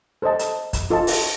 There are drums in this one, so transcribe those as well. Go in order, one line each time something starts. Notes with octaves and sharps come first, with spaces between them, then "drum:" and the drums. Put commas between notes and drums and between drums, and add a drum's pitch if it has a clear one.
A4 C5 D#5 A5
drum: hi-hat
drum: kick, hi-hat
F4 A4 D#5 A5
drum: open hi-hat